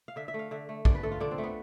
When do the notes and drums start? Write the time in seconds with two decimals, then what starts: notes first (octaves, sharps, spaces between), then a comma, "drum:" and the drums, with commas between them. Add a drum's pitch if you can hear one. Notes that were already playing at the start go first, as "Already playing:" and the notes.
0.08 F5
0.16 D3 E5
0.28 E5
0.34 A3 F5
0.51 D3 E5
0.69 A3
0.85 D3 D5, drum: kick A#1
0.95 B4
1.03 A3 A4
1.11 F4
1.20 D3 D4
1.31 C4
1.38 A3
1.44 B3